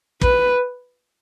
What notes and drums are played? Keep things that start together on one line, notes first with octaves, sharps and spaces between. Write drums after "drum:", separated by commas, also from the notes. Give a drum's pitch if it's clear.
B4, drum: kick